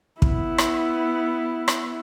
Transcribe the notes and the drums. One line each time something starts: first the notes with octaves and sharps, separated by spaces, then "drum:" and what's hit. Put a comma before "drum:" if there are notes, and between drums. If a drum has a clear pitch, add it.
B3 E4, drum: kick
drum: rim click
drum: rim click